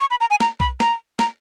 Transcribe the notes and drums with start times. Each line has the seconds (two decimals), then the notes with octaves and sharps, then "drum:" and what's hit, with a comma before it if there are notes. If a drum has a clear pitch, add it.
0.01 C#6
0.10 B5
0.21 A#5
0.30 G#5
0.40 A#5, drum: snare
0.60 B5, drum: kick B1
0.80 A#5, drum: snare
1.19 A#5, drum: snare